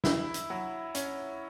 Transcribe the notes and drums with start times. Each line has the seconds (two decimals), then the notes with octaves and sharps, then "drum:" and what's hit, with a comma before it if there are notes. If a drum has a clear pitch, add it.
0.04 E4, drum: snare
0.34 drum: hi-hat
0.50 F#3
0.95 C#4, drum: hi-hat